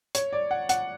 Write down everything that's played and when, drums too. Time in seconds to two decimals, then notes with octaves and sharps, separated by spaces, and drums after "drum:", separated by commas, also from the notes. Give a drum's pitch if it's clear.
0.15 C#5, drum: hi-hat
0.33 D5
0.51 F#5
0.69 F#5, drum: hi-hat